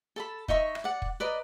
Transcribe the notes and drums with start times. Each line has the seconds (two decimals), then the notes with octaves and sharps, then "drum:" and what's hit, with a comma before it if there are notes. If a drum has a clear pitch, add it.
0.16 A4 A5 B5
0.48 D#4 D#5 E5 C#6, drum: kick
0.75 drum: rim click
0.84 D5 F#5
1.02 drum: kick
1.20 B4 D5 D#5 A#5